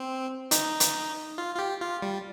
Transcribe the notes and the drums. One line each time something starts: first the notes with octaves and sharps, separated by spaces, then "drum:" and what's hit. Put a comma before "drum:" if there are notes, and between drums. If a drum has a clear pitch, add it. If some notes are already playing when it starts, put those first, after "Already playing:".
Already playing: C4
D#4, drum: hi-hat
drum: hi-hat
F4
F4
G4
F4
G3